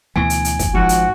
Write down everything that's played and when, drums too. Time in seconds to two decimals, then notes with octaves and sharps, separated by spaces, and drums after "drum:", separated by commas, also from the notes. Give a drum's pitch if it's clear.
0.16 D2 B2 E3 G#5
0.30 drum: hi-hat
0.45 drum: hi-hat
0.59 drum: kick, hi-hat
0.74 G#1 G#2 F3 F#4
0.89 drum: hi-hat